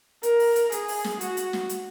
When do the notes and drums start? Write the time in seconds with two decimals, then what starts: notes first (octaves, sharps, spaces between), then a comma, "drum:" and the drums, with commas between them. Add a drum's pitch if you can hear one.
0.23 A#4, drum: hi-hat
0.39 drum: open hi-hat
0.56 drum: hi-hat
0.72 G#4, drum: hi-hat
0.88 drum: open hi-hat
1.04 drum: snare
1.21 F#4, drum: hi-hat
1.37 drum: hi-hat
1.53 drum: snare
1.69 drum: hi-hat